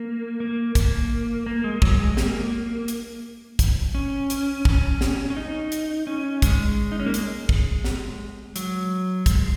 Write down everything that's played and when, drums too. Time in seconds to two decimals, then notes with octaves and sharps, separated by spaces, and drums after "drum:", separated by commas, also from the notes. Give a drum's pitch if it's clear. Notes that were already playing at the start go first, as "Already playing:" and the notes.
Already playing: A#3
0.40 A#3
0.75 A#3, drum: kick, hi-hat
1.46 A#3
1.64 G#3
1.82 F#3, drum: kick
2.00 G#3
2.17 A#3, drum: snare
2.88 drum: hi-hat
3.59 drum: kick, hi-hat
3.95 C#4
4.30 drum: hi-hat
4.65 C#4, drum: kick
5.01 drum: snare
5.30 C#4
5.37 D#4
5.72 drum: hi-hat
6.07 C#4
6.42 G#3, drum: kick, hi-hat
6.92 D#4
7.00 C#4
7.06 A#3
7.14 G#3, drum: hi-hat
7.49 drum: kick
7.85 drum: snare
8.56 F#3, drum: hi-hat
9.26 G#3, drum: kick, hi-hat